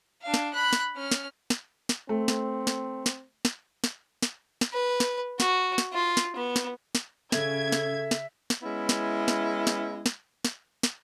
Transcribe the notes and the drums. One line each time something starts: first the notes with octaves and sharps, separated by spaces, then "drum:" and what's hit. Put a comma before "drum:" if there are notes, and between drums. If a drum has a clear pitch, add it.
D4 F5
drum: snare
B5 F#6
drum: snare
C#4 F6
drum: snare
drum: snare
drum: snare
A3 C4
drum: snare
drum: snare
drum: snare
drum: snare
drum: snare
drum: snare
drum: snare
B4
drum: snare
F#4, drum: snare
drum: snare
F4
drum: snare
B3
drum: snare
drum: snare
C#3 A4 E5 G#6, drum: snare
drum: snare
drum: snare
drum: snare
G#3 B3 C#4 E4
drum: snare
drum: snare
drum: snare
drum: snare
drum: snare
drum: snare